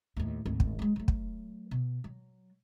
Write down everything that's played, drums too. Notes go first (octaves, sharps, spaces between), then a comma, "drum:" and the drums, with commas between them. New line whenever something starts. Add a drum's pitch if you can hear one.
D#2 A2
G#1 D2
drum: kick
F#3 G#3
F#3 A3
drum: kick
B2
F#3